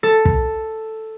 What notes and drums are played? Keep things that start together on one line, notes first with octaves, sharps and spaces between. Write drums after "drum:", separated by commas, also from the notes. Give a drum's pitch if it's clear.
A4
drum: kick